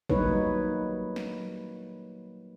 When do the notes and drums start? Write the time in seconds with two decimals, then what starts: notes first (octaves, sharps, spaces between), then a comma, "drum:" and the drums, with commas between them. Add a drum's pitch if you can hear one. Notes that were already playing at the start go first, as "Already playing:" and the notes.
0.10 F#3 G3 A#3 D#4 B4 C#5, drum: kick
1.16 drum: snare